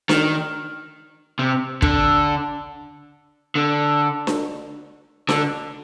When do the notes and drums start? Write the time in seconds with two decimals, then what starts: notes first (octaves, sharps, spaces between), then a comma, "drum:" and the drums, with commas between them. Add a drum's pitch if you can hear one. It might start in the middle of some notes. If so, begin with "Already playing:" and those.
0.09 D#3, drum: snare D4
1.39 C3
1.82 D3, drum: kick
3.55 D3
4.27 drum: snare D4
5.29 D3, drum: snare D4